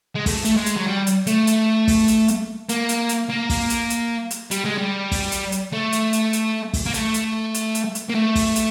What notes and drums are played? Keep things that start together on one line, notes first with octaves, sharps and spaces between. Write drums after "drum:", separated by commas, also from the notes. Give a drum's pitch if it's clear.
G#3
A3, drum: kick, open hi-hat
A3, drum: hi-hat
G#3
drum: hi-hat
F#3
G3
drum: hi-hat
A3, drum: hi-hat
drum: hi-hat
drum: kick, open hi-hat
drum: hi-hat
drum: hi-hat
A#3, drum: hi-hat
drum: hi-hat
drum: hi-hat
A#3
drum: kick, open hi-hat
drum: hi-hat
drum: hi-hat
drum: hi-hat
G3, drum: hi-hat
G#3
G3
drum: kick, open hi-hat
drum: hi-hat
drum: hi-hat
A3
drum: hi-hat
drum: hi-hat
drum: hi-hat
drum: kick, open hi-hat
A#3
A3, drum: hi-hat
drum: hi-hat
drum: hi-hat
drum: hi-hat
drum: hi-hat
A#3
A3
drum: kick, open hi-hat
drum: hi-hat